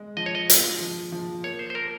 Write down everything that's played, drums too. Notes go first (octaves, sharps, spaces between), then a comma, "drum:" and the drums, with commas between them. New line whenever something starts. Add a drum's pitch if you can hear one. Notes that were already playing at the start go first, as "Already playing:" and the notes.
Already playing: G#3
F3 D#5
C#5
D#5
F4, drum: hi-hat
F3
F3
A#3 C#5
C5
C5
A#3 A#4